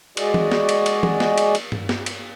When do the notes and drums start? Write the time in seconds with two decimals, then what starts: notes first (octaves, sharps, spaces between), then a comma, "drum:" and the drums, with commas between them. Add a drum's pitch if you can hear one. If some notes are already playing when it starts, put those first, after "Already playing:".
0.17 G#3 F#4 G#4 D5 D#5, drum: cymbal
0.34 drum: tom E3
0.52 drum: snare
0.69 drum: cymbal
0.86 drum: cymbal
1.03 drum: tom E3
1.20 drum: snare
1.38 drum: cymbal
1.55 drum: cymbal
1.72 drum: tom G2
1.89 drum: snare
2.06 drum: cymbal